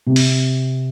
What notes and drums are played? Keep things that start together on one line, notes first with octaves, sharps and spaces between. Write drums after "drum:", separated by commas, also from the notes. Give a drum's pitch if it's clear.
C3
drum: open hi-hat